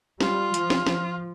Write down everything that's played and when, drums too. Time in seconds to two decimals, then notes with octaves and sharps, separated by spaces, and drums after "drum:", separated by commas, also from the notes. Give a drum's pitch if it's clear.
0.20 G3 F4, drum: snare
0.54 F3, drum: hi-hat
0.70 drum: snare
0.87 F3, drum: snare